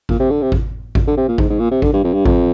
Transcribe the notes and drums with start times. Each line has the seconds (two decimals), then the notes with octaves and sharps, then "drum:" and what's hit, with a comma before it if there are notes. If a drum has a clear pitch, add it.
0.09 A#2, drum: kick G#1
0.19 C3
0.31 D3
0.42 C3
0.52 drum: kick G#1
0.95 drum: kick G#1
1.07 D3
1.17 C3
1.28 A#2
1.38 G#2, drum: kick G#1
1.50 G#2
1.59 A#2
1.71 C3
1.82 D3, drum: kick G#1
1.93 G2
2.04 F2
2.13 G2
2.25 F2, drum: kick G#1